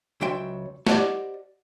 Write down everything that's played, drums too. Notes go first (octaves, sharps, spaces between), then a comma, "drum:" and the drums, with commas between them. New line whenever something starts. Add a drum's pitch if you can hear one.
C#2 F#3 C5 E5 G5 C6
G4 C5 D5 D#5 F#5 A5, drum: snare